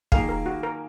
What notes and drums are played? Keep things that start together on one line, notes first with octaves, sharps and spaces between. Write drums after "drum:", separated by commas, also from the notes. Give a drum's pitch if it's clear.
D#3 A#3 F4 G#4 F5, drum: kick
A#4
F#4
A#4